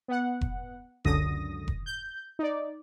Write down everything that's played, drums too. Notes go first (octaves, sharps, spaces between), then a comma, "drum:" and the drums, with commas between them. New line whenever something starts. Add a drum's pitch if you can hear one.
B3 F#5
drum: kick F1
C#2 F#2 D3 D#6 A#6, drum: kick F1
drum: kick F1
G6
D#4 D5